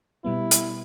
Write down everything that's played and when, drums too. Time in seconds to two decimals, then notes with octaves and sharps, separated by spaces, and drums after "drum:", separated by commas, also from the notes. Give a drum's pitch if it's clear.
0.25 B2 G3 B3 E4
0.51 drum: hi-hat